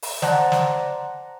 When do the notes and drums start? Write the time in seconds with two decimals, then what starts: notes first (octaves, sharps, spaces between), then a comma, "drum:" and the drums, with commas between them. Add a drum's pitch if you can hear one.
0.02 drum: open hi-hat
0.22 C5 D5 F#5 A5 A#5, drum: snare
0.52 drum: snare